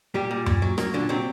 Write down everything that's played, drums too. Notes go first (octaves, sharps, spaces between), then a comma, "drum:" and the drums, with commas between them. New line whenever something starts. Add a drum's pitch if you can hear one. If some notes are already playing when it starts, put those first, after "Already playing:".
A#2 G3 G4
A#2
A#2, drum: tom F#2
F#3
F#3 A#3 A#4, drum: rim click
A#2 D3 D4
C3 F#3 C4